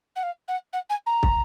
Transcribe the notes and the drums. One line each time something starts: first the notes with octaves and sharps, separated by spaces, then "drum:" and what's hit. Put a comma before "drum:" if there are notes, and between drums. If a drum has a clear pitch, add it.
F#5
F5
F#5
F#5
G#5
A#5
drum: kick